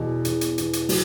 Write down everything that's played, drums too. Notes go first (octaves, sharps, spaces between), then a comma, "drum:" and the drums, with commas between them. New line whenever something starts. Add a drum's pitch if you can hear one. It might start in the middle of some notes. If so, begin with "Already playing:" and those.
Already playing: E2 B2
E2, drum: hi-hat
drum: hi-hat
E2, drum: hi-hat
drum: hi-hat
F#3, drum: open hi-hat